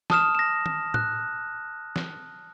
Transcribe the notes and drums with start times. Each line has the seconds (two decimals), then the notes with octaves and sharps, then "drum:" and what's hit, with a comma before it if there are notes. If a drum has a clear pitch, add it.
0.10 A5 D#6 F6 E7, drum: snare
0.35 A#6 E7
0.66 drum: tom
0.94 F#6, drum: tom A2
1.96 drum: snare